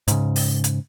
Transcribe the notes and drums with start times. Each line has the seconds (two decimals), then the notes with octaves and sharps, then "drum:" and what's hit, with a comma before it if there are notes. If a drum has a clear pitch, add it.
0.08 G#2 C#3, drum: hi-hat
0.36 drum: open hi-hat
0.64 drum: hi-hat